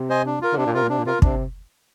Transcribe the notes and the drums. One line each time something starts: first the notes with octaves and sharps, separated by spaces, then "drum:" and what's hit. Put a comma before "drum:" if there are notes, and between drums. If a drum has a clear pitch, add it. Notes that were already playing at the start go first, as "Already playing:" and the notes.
Already playing: C3
C5 D#5 G#5
D4
F4 A#4
D3
C3 D4
A#2
C3 F4 A#4
A#2
C3 D4
A#2
C3 F4 A#4
C3 D4, drum: kick